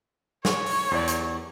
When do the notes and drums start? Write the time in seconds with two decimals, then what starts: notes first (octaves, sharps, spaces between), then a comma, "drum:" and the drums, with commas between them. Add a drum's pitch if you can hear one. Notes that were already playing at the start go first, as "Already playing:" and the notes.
0.45 C#5, drum: snare
0.66 drum: open hi-hat
0.91 E2 D5
1.08 drum: hi-hat